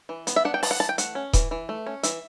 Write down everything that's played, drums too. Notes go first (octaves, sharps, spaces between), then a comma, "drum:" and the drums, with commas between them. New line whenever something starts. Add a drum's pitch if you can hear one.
E3
B3, drum: hi-hat
E5
D4 F#5
G5
E3 A5, drum: open hi-hat
F#5
E3 A5
G5
A3 F#5, drum: hi-hat
C#4
E3, drum: kick D#1, hi-hat
E3
A3
C#4
E3 E5, drum: hi-hat